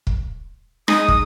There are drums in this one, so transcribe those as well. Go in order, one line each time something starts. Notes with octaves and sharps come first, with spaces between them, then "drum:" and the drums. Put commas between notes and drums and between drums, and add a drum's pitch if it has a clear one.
drum: kick
G#3 D#4 D#6, drum: rim click
drum: kick